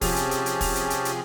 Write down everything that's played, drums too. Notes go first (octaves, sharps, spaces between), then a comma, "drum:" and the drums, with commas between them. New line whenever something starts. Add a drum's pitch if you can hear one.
C3 F3 C#4 G4 G#4 A5, drum: kick, open hi-hat
drum: hi-hat
drum: hi-hat
drum: hi-hat
drum: kick, open hi-hat
drum: hi-hat
drum: hi-hat
drum: hi-hat